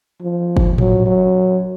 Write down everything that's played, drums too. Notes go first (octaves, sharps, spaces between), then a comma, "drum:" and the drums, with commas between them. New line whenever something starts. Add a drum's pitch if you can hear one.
F3
drum: kick G1
F#3, drum: tom A2
F#3